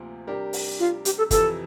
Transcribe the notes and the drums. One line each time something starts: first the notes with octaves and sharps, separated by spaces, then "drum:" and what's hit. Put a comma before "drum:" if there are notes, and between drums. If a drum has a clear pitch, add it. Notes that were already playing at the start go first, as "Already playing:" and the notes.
Already playing: D2 C3 F3 A#3
C3 G3 D4 G4 A#4
drum: open hi-hat
F4
G4, drum: hi-hat
A4
F2 C3 E3 A4, drum: kick, hi-hat